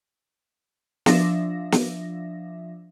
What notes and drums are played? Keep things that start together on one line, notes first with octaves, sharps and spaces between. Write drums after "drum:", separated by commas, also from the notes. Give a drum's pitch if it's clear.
F3 D4 E5 A#6, drum: snare
drum: snare